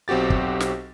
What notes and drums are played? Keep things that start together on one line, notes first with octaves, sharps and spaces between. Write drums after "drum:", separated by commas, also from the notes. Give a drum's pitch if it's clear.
B1 C4 F#4 G4 A6
drum: kick
drum: snare